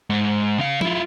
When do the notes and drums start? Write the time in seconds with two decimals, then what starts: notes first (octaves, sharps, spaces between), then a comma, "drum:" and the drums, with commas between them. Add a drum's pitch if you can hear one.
0.10 G#2
0.59 C#3 F5
0.81 E4 F4, drum: tom